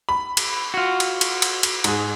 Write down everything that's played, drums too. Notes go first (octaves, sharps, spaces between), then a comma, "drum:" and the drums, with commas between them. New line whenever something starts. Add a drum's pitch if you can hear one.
B5
drum: cymbal
F4 F#4
drum: cymbal
drum: cymbal
drum: cymbal
drum: cymbal
G#2 G#4, drum: cymbal